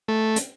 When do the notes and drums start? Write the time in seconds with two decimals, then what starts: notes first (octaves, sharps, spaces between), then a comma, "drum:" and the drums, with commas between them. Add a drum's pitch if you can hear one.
0.08 A3
0.36 drum: hi-hat